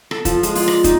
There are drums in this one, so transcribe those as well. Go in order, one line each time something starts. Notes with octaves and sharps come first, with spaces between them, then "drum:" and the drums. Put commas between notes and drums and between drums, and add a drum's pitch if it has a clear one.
A4, drum: rim click
F3, drum: kick, hi-hat
G#3, drum: hi-hat
F4, drum: open hi-hat
D5, drum: rim click
D#4, drum: kick, hi-hat